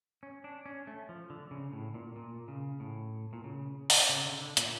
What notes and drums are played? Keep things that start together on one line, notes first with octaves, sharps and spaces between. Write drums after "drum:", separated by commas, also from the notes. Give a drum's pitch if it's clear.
C#4
D4
C#4
A3
F3
D3
C#3
A2
A#2
A#2
C#3
A2
A#2
C#3
drum: open hi-hat
C#3
D3
D3
A#2, drum: hi-hat